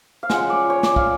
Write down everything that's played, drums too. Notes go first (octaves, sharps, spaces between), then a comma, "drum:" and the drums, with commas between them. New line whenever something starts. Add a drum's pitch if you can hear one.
F5
G#3 C#4 F4 F#5, drum: snare
D5
C#5
D5, drum: snare
F5, drum: kick